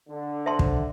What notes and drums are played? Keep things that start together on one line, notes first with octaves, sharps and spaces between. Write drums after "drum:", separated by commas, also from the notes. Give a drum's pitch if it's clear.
D3
C5 E5 A5 C6
drum: kick